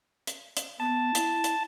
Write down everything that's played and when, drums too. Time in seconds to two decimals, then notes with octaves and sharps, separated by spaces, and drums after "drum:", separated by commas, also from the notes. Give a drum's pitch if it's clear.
0.27 drum: hi-hat
0.57 drum: hi-hat
0.80 B3 A5
1.15 E4, drum: hi-hat
1.44 drum: hi-hat